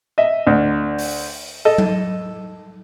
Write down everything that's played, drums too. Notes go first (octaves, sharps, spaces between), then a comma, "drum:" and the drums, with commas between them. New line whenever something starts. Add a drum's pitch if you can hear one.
D#5 E5
D2
drum: open hi-hat
A4 D#5
drum: tom F#3